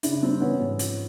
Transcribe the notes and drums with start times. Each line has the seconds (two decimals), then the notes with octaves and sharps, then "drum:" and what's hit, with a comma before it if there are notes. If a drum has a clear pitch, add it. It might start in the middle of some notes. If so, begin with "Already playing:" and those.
0.03 C#3 D4 E4, drum: hi-hat
0.22 G3 C4 D4
0.41 E3 B3 C#4
0.60 G#2
0.79 F3, drum: hi-hat